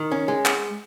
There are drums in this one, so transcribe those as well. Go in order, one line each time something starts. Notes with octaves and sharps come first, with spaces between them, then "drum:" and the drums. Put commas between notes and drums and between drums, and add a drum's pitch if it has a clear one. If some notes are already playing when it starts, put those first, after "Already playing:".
Already playing: D#3
C#4
G#3
drum: clap